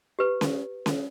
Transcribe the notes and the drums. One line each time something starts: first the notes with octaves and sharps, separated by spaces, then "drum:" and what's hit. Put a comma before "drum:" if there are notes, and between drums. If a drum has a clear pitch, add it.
G4 B4
drum: snare C#4
drum: snare C#4